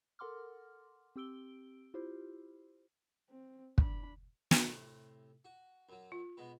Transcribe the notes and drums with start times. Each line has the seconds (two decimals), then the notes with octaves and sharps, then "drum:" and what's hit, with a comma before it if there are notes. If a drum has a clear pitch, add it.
0.19 A4 A#4 F#5 C6 D6 F6
1.16 C4 G4 E6 D7 G7
1.94 E4 F4 G4 C5
3.30 C4
3.78 D4 B5, drum: kick
4.51 A2 C3, drum: snare
5.45 F#4
5.89 F#2 F#3
6.12 F4
6.37 B2 G#3 B3